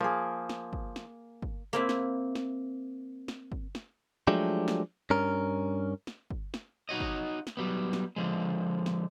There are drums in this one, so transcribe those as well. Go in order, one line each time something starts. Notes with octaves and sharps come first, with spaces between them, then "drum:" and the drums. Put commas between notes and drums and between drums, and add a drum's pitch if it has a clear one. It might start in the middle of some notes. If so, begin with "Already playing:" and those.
F3 A#3 G#4
drum: snare
drum: kick
drum: snare
drum: kick
A#3 C4 E4
drum: snare
drum: snare
drum: snare
drum: kick
drum: snare
F3 F#3 G#3 A3 D4 G4
drum: snare
G2 C#4 A#4
drum: snare
drum: kick
drum: snare
D#4 F#4 C#5 D#5
drum: kick
drum: snare
F#3 G3 B3
drum: snare
D3 F3 G#3
drum: snare